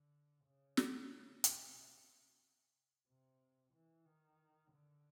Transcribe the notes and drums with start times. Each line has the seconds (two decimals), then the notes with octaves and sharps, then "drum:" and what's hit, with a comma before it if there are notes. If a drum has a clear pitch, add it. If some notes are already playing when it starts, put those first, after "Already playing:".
Already playing: D3
0.46 C#3
0.77 drum: snare
1.44 C3, drum: hi-hat
3.08 C3
3.73 E3
4.06 D#3
4.71 D3